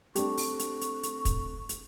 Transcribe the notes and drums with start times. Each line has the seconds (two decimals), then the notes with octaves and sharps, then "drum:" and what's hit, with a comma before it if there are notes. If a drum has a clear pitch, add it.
0.16 A3 C4 D4 G4 C#6, drum: hi-hat
0.37 drum: open hi-hat
0.59 drum: hi-hat
0.81 drum: hi-hat
1.03 drum: hi-hat
1.25 drum: kick, hi-hat
1.69 drum: hi-hat